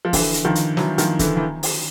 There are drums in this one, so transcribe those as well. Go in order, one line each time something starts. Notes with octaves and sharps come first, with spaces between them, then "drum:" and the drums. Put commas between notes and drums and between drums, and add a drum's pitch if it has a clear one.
F3
D3 E3, drum: kick, open hi-hat
drum: hi-hat
D#3 F3
drum: hi-hat
E3 F#3, drum: snare
D#3 F3, drum: hi-hat
D3 E3, drum: kick, hi-hat
E3
drum: open hi-hat